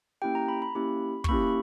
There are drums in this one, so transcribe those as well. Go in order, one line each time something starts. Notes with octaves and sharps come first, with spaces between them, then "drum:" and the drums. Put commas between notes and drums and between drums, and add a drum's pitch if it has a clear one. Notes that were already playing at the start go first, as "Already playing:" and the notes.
A#3 C#4 E4 G4 G5
A#5
B5
B5
A#3 C#4 E4 G4
C#6, drum: kick
A#3 C#4 E4 G4 B5